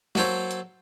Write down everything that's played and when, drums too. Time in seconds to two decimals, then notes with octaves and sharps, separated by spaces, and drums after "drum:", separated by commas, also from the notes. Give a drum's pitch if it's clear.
0.15 F#3 A#3 A4 C5 C#5, drum: snare
0.51 drum: hi-hat